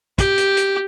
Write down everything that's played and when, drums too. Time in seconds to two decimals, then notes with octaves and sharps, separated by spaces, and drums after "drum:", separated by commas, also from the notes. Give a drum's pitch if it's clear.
0.18 G4, drum: kick, hi-hat
0.38 drum: hi-hat
0.57 drum: hi-hat